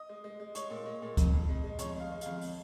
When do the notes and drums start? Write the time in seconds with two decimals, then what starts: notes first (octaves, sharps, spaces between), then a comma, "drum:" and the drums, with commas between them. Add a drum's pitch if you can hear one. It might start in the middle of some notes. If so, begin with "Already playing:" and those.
Already playing: D#5 D#6
0.09 G#3
0.24 G#3
0.40 G#3
0.55 G#3 C#5 C#6, drum: hi-hat
0.70 A#2
0.86 G#3
1.02 A#2
1.17 F2, drum: kick C#2, hi-hat
1.33 F2
1.49 G#3
1.64 G#3
1.79 F2 C#5 C#6, drum: hi-hat
1.95 G#3 F5
2.11 G#3
2.21 F2 F5, drum: hi-hat
2.41 drum: open hi-hat